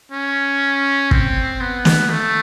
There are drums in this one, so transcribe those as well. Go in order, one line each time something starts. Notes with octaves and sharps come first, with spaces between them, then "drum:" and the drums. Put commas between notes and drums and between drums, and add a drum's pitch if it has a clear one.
C#4
C4, drum: kick
B3
drum: snare
A3